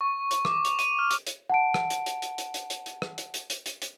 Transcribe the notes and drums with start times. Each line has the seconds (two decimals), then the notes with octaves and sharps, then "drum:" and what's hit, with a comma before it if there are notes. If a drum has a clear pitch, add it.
0.01 C#6
0.31 drum: hi-hat
0.45 D6, drum: rim click
0.65 F7, drum: hi-hat
0.79 D#7, drum: hi-hat
0.99 F6
1.11 drum: hi-hat
1.27 drum: hi-hat
1.50 F#5 A5 D7
1.74 drum: rim click
1.90 drum: hi-hat
2.06 drum: hi-hat
2.22 drum: hi-hat
2.38 drum: hi-hat
2.54 drum: hi-hat
2.70 drum: hi-hat
2.86 drum: hi-hat
3.02 drum: rim click
3.18 drum: hi-hat
3.34 drum: hi-hat
3.50 drum: hi-hat
3.66 drum: hi-hat
3.82 drum: hi-hat